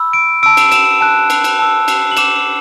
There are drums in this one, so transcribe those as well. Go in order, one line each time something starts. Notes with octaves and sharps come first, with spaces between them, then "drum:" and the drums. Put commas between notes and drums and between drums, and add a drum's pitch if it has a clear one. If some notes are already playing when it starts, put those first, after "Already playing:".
Already playing: B5 E6
D7
A5 E6 D7
drum: cymbal
E7, drum: cymbal
A5 F#6
drum: cymbal
drum: cymbal
A5 E6
drum: cymbal
F#7
A5 D6 F#6 E7, drum: cymbal